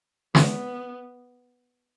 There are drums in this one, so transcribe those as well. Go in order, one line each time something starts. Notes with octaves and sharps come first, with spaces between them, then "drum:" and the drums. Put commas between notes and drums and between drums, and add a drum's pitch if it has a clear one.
B3, drum: snare